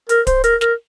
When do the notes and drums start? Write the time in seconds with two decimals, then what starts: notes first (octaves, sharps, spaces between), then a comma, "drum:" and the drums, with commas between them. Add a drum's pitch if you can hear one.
0.09 A#4, drum: hi-hat
0.27 C5, drum: kick D1, hi-hat
0.44 A#4, drum: hi-hat
0.61 A#4, drum: snare